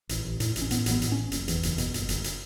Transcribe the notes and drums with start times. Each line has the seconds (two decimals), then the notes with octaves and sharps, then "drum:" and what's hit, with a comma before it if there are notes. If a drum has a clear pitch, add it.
0.09 A1, drum: hi-hat
0.25 A1
0.40 A2, drum: hi-hat
0.56 A1, drum: hi-hat
0.62 C#4
0.71 A2 B3, drum: hi-hat
0.86 A1, drum: hi-hat
0.91 B3
1.02 A2, drum: hi-hat
1.12 A1 C#4
1.32 F#1, drum: hi-hat
1.48 E2, drum: hi-hat
1.63 F#1, drum: hi-hat
1.78 B2, drum: hi-hat
1.94 F#1, drum: hi-hat
2.09 F#1, drum: hi-hat
2.24 drum: hi-hat